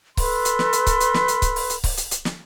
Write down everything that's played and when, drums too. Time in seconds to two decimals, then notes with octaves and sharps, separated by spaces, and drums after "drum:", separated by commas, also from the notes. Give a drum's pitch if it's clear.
0.17 A4 B4 B5 C6, drum: kick C#1, open hi-hat
0.45 drum: hi-hat
0.59 drum: snare
0.73 drum: hi-hat
0.87 drum: kick C#1, hi-hat
1.00 drum: hi-hat
1.14 drum: snare
1.28 drum: hi-hat
1.42 drum: kick C#1, hi-hat
1.56 drum: open hi-hat
1.70 drum: hi-hat
1.84 drum: kick C#1, open hi-hat
1.97 drum: hi-hat
2.11 drum: hi-hat
2.25 drum: snare